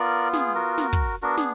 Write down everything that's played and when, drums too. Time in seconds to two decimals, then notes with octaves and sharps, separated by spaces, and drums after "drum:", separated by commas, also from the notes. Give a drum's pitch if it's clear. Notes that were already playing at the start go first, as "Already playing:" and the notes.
Already playing: B3 F4 A#4 D5
0.33 G#4, drum: snare
0.55 F#4 A#4
0.78 drum: snare
0.93 drum: kick
1.22 B3 D4 F#4 A#4
1.37 G#4, drum: snare